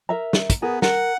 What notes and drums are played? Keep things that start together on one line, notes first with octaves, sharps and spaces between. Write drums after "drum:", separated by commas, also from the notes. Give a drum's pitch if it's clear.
A#4 E5 A#5
drum: snare
drum: kick, hi-hat
B3 G#4 A#4
A#4 F#5, drum: snare